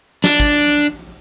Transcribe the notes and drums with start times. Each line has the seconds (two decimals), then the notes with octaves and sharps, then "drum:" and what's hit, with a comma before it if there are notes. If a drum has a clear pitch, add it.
0.24 D4, drum: snare
0.40 drum: kick